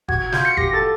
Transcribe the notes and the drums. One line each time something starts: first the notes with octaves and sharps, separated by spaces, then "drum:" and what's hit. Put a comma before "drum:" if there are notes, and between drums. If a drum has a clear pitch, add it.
F#4 G#6, drum: kick F#1
G#6
F4 G6, drum: snare
C#7
G4 A#6, drum: kick F#1
A4 A6